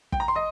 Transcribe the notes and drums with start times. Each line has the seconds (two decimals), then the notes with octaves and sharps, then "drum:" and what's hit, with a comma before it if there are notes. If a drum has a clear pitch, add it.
0.12 G5, drum: kick
0.20 A#5
0.28 C6
0.35 D#5 D#6